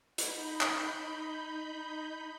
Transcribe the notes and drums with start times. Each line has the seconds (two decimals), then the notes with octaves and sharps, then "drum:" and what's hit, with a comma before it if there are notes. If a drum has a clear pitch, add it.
0.18 D#4 B5 G6, drum: hi-hat
0.61 drum: clap